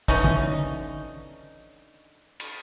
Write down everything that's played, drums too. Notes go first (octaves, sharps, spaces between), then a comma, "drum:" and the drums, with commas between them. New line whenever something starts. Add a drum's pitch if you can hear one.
D3 E3 C#4 D#4, drum: kick
drum: tom
drum: cymbal